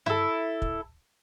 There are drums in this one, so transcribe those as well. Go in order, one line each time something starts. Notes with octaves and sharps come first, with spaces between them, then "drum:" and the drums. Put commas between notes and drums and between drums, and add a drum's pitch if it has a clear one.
E4 A4, drum: tom G2
drum: kick